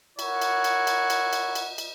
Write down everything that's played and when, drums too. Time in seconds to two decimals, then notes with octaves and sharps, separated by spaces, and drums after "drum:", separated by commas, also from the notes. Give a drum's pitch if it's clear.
0.19 E4 A#4 C#5 F#5, drum: cymbal
0.42 drum: cymbal
0.64 drum: cymbal
0.87 drum: cymbal
1.10 drum: cymbal
1.33 drum: cymbal
1.55 drum: cymbal
1.78 drum: cymbal